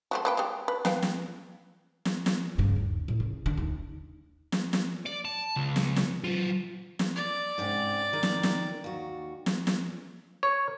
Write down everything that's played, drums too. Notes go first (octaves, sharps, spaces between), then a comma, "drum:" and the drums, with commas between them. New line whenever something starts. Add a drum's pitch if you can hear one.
F#3 A3 C4
A#3 B4 G5
G3 G#3
B4
B4 F5 G5, drum: snare
drum: snare
drum: snare
drum: snare
G2 C#3
D#2
A2
C#3
D3 D4
D#2
drum: snare
drum: snare
D5
A5
C#2
drum: snare
drum: snare
F#3 F4
drum: snare
D5
G#2 C3 C#4
D#3 A#4
drum: snare
drum: snare
D#2 F#4
drum: snare
drum: snare
C#5